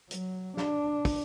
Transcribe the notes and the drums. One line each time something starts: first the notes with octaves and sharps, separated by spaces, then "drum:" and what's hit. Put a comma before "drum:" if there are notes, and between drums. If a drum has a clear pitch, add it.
F#3, drum: hi-hat
D4, drum: snare
drum: kick, open hi-hat